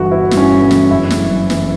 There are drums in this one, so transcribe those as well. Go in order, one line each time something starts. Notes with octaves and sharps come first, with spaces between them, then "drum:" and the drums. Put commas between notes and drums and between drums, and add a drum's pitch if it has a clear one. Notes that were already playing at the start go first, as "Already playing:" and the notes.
Already playing: G1 G2 E3 B3 F#4
B3 E4
G1, drum: snare
C#4
G2
E3, drum: snare
F#1 E4
F#1, drum: snare
F#2
E3, drum: snare